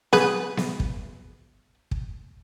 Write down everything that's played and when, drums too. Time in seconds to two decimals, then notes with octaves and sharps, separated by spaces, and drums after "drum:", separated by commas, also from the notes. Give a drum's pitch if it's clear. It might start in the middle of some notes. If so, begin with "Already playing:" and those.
0.13 G#4 B4, drum: snare B3
0.57 drum: snare B3
0.80 drum: kick
1.91 drum: kick